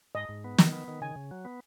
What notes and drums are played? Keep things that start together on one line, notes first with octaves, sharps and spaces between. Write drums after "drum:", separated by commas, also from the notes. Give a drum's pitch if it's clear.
G#2 D#5
G#2
B3
D#3, drum: snare
B3
D#3
C#3 G#5
C#3
F#3
B3